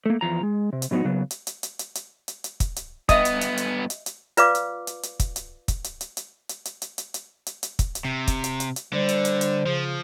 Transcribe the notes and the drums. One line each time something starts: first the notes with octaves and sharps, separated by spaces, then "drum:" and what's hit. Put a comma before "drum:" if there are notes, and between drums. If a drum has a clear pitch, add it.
A3 A#3
E2 F3 A#5
G#3
C3
drum: hi-hat
A2 F#3 B3 D#4 F#4
C#3 F#3 B3
drum: hi-hat
drum: hi-hat
drum: hi-hat
drum: hi-hat
drum: hi-hat
drum: hi-hat
drum: hi-hat
drum: kick, hi-hat
drum: hi-hat
G2 B3 D#5 E5 D#6, drum: kick, hi-hat
drum: hi-hat
drum: hi-hat
drum: hi-hat
drum: hi-hat
drum: hi-hat
F4 B4 D5 F5 D6, drum: hi-hat
drum: hi-hat
drum: hi-hat
drum: hi-hat
drum: kick, hi-hat
drum: hi-hat
drum: kick, hi-hat
drum: hi-hat
drum: hi-hat
drum: hi-hat
drum: hi-hat
drum: hi-hat
drum: hi-hat
drum: hi-hat
drum: hi-hat
drum: hi-hat
drum: hi-hat
drum: kick, hi-hat
drum: hi-hat
C3
drum: kick, hi-hat
drum: hi-hat
drum: hi-hat
drum: hi-hat
D3 G3 C5
drum: hi-hat
drum: hi-hat
drum: hi-hat
C#3 F3